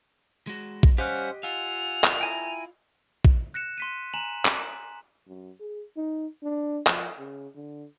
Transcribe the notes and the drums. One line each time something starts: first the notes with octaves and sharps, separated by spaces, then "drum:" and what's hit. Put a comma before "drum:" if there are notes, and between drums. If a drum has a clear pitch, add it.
G#3 F#4
drum: kick
G3 C#4 G4 C5 D#5 F5 F#5 F#6
F4 F5 F#5 G#5 E6 F7
drum: clap
E4 G5 G#5 A#5
drum: kick
F#6 A#6 C#7 E7
C6 B6 D#7
G#5 A#5 E7 F#7
drum: clap
F#2
G#4
D#4
D4
F3, drum: clap
C#3
D3